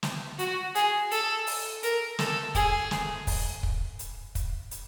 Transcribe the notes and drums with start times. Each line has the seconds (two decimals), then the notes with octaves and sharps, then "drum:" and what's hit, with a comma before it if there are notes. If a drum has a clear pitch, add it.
0.03 drum: snare
0.39 F#4, drum: hi-hat
0.75 G#4, drum: hi-hat
1.11 A4, drum: hi-hat
1.47 drum: open hi-hat
1.83 A#4, drum: hi-hat
2.19 A4, drum: snare
2.55 G#4, drum: kick, hi-hat
2.91 drum: snare
3.27 drum: kick, open hi-hat
3.63 drum: kick
3.99 drum: hi-hat
4.35 drum: kick, hi-hat
4.71 drum: hi-hat